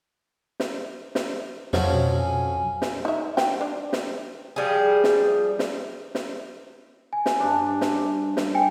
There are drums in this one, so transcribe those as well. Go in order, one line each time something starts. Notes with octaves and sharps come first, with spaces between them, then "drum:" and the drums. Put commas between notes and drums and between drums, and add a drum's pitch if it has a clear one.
drum: snare
drum: snare
F2 F3 F#3 C#4, drum: snare
B2
G#5
drum: snare
D#4 E5
G5, drum: snare
D4
drum: snare
F3 G3 G#4
drum: snare
drum: snare
drum: snare
G#5
drum: snare
G2 D4
drum: snare
drum: snare
G5 G#5